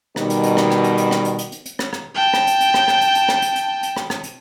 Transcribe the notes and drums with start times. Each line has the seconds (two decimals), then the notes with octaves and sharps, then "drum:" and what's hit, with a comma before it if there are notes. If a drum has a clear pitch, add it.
0.16 B2 D#3 G3, drum: rim click
0.30 drum: hi-hat
0.43 drum: hi-hat
0.57 drum: rim click
0.71 drum: rim click
0.84 drum: hi-hat
0.98 drum: hi-hat
1.11 drum: rim click
1.25 drum: hi-hat
1.38 drum: hi-hat
1.52 drum: hi-hat
1.66 drum: hi-hat
1.79 drum: rim click
1.93 drum: rim click
2.15 G5 A5
2.33 drum: rim click
2.47 drum: hi-hat
2.61 drum: hi-hat
2.74 drum: rim click
2.88 drum: rim click
3.01 drum: hi-hat
3.15 drum: hi-hat
3.29 drum: rim click
3.42 drum: hi-hat
3.56 drum: hi-hat
3.83 drum: hi-hat
3.96 drum: rim click
4.10 drum: rim click
4.24 drum: hi-hat